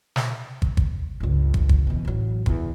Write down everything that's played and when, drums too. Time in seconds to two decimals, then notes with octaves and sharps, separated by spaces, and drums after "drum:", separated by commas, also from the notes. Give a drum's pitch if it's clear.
0.16 drum: snare
0.62 drum: kick
0.77 drum: kick
1.20 G1 C#2
1.54 drum: kick
1.69 drum: kick
1.87 B2 E3
2.05 A1 F#3
2.46 E2, drum: kick